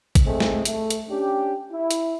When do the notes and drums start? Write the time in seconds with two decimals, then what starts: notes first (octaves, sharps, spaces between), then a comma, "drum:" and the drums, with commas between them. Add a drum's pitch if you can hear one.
0.15 drum: kick A1, hi-hat
0.25 A2 G#3 A3 C4
0.40 drum: snare
0.65 A3, drum: hi-hat
0.90 drum: hi-hat
1.09 C#4 D4 G4
1.71 E4
1.91 drum: hi-hat